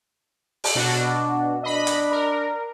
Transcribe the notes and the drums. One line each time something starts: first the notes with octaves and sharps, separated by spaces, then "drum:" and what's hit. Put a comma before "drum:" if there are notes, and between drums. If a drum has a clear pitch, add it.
drum: open hi-hat
B2 D4 F#4
D4 D#5 B5
drum: hi-hat
A#4